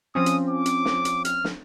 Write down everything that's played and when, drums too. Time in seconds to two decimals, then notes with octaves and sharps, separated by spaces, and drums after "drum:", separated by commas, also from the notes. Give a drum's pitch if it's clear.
0.15 F3 C4 C#4 D#6
0.26 drum: hi-hat
0.50 D6
0.66 drum: hi-hat
0.85 drum: snare
1.05 drum: hi-hat
1.25 F6, drum: hi-hat
1.44 drum: snare